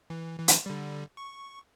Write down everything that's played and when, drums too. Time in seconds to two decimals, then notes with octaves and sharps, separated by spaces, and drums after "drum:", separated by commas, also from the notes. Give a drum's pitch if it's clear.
0.10 E3
0.38 E3
0.48 drum: hi-hat
0.66 D3 G3
1.17 C#6